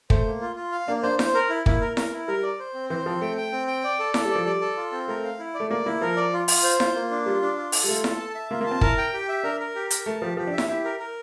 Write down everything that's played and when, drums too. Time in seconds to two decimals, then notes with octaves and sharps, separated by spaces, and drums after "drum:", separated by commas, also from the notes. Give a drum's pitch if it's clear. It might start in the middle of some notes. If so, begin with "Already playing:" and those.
0.10 A3 C5, drum: kick
0.25 A#3
0.41 F4
0.56 F4
0.72 F5
0.88 A#3 D4
1.03 D4 C5
1.19 C5, drum: snare E4
1.34 A#4
1.50 E4
1.66 A#3 E4, drum: kick
1.81 A#4
1.97 A#4, drum: snare E4
2.13 E4
2.28 G3 A#4
2.43 D5
2.59 C5
2.74 C4
2.90 E3 C5
3.06 F3 C4
3.21 A3 G5
3.37 G5
3.52 C4
3.68 G5
3.84 D5
3.99 A4
4.14 A4, drum: snare E4
4.25 G3
4.31 F3 D5
4.46 G3 D5
4.61 A4
4.77 F4
4.92 C4
5.08 A3 A#4
5.24 F5
5.39 E4
5.55 D5
5.60 A3
5.70 A#3 D5
5.85 A#3 E4
6.01 F3 A#4
6.16 D5
6.33 F4
6.48 F4, drum: open hi-hat
6.63 C5
6.80 F4, drum: snare E4
6.95 A#3
7.11 D4
7.26 G3 F4
7.42 D4
7.58 F4
7.72 A4, drum: open hi-hat
7.84 G3
7.88 A3 F4
8.04 A4, drum: snare E4
8.19 A5
8.35 E5
8.51 A#3 F4
8.61 A#3
8.66 C4 A5
8.81 E4 A#4, drum: kick
8.98 G5
9.13 G4
9.28 E5
9.44 D4 A#4
9.60 A#4
9.75 G4
9.90 A#4, drum: hi-hat
10.06 A3 A5
10.22 F3 G4
10.37 F3 G4
10.47 D4
10.52 E5
10.58 E4, drum: snare E4
10.68 E4 G4
10.85 A#4
11.00 A#4